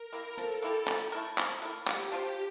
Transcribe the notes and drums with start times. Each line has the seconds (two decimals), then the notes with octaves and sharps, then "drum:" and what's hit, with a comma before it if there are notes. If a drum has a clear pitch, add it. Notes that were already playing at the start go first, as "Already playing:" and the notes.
Already playing: A#4
0.13 A#3 E4 G4
0.37 F3 A4, drum: hi-hat
0.62 A#3 E4 G4
0.88 F3, drum: clap
1.12 A#4
1.15 A3 E4
1.38 F3, drum: clap
1.62 A3 E4 A#4
1.87 A#3 G4, drum: clap
2.12 D4 F4 C5